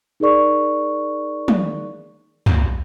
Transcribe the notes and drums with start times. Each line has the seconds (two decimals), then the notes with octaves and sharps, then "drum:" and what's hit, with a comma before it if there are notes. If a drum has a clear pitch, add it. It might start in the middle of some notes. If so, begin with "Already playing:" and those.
0.20 D#4 G#4 A#4 D5 C#6
1.48 drum: tom
2.46 drum: tom